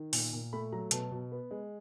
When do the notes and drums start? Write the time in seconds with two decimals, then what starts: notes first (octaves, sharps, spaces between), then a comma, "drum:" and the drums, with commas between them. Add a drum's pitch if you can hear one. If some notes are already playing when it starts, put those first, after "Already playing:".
Already playing: D#3
0.13 A#2, drum: open hi-hat
0.33 A#2
0.53 A3 B5
0.72 F#3 A#5
0.91 B2 A5, drum: hi-hat
1.11 B2
1.32 B3
1.51 G#3